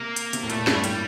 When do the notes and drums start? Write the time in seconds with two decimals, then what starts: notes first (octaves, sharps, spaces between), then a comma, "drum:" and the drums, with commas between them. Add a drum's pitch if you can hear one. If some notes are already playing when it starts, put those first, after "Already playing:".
Already playing: C3 A#3
0.16 drum: hi-hat
0.33 C3, drum: hi-hat
0.43 A2
0.50 A#2 A3, drum: hi-hat
0.58 A2
0.67 G2, drum: snare
0.75 A#2
0.84 A2 G3, drum: hi-hat